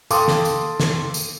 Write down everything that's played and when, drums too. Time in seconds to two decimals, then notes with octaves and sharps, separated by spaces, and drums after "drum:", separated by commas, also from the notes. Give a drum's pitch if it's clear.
0.11 A4 F5 G5 C6 D6 D#6, drum: tambourine
0.28 drum: snare
0.45 drum: tambourine
0.80 drum: snare
1.14 drum: tambourine